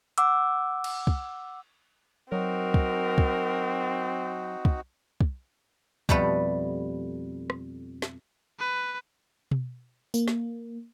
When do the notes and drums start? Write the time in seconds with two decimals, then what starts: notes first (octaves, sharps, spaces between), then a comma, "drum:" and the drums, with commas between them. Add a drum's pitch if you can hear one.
0.18 F#5 D6 E6, drum: hi-hat
0.84 drum: cymbal
1.07 drum: kick
2.32 F#3 C4 D#4 F#4 A#4
2.74 drum: kick
3.18 drum: kick
4.65 drum: kick
5.21 drum: kick
6.09 F2 B2 G3 A3 B3 B4, drum: kick
7.50 drum: rim click
8.02 drum: snare
8.60 B4
9.51 drum: tom B2
10.14 A#3, drum: tambourine
10.28 drum: snare